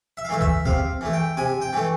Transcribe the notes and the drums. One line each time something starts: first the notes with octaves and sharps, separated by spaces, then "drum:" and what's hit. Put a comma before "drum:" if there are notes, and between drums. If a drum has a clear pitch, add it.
E5
F5
E3 A3 E5
E5, drum: kick C2
C3 F5, drum: kick C2
E3 A3
G5
C3 G#5
G5
E3 A3